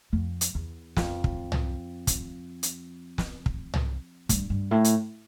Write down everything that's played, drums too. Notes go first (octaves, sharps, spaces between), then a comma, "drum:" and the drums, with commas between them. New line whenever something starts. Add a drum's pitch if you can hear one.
F2
drum: hi-hat
E2
F2, drum: snare
drum: kick
drum: tom
drum: kick, hi-hat
drum: hi-hat
drum: snare
drum: kick
drum: tom
G2, drum: kick, hi-hat
G2
A2
drum: hi-hat